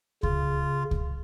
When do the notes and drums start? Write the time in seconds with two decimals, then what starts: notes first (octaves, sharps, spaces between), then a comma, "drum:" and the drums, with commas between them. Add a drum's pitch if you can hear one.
0.23 C#3 F4, drum: kick C#2
0.91 drum: kick C#2